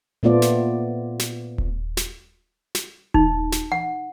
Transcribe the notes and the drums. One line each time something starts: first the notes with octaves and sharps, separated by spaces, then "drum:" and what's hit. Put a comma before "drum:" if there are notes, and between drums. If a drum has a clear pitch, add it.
A#2 A3 B3 F4 D5
drum: snare
drum: snare
drum: kick D#1
drum: snare
drum: snare
D#4, drum: kick D#1
drum: snare
F#5